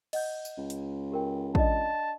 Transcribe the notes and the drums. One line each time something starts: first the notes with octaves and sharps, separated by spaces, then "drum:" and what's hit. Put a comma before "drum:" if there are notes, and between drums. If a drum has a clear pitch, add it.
D#5 F#5 G6, drum: cymbal
drum: tambourine
C#2
drum: hi-hat
G4 A#4 G5
D4 D5 D#5 A5, drum: kick